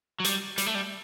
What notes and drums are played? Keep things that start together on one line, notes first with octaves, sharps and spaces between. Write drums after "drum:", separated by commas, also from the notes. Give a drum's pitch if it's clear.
F#3
G3, drum: hi-hat
G3, drum: hi-hat
A3
G3